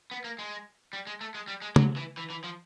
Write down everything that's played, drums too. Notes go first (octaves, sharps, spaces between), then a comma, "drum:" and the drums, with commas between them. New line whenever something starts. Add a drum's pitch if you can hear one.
B3
A#3
G#3
G3
G#3
A3
G#3
G3
G#3
F#3, drum: tom C#3
E3
E3
E3
F3